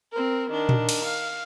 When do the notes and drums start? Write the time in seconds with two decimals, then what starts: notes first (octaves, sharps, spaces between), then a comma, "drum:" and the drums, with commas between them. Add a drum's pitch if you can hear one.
0.12 C4 A#4
0.50 D#3 D4
0.69 drum: tom A#2
0.89 drum: cymbal
1.04 F5